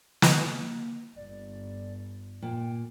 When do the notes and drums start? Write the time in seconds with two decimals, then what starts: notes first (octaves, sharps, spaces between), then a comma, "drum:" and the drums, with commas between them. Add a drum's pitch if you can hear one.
0.22 A#3, drum: snare
1.16 G1 D5
2.42 A#2 G5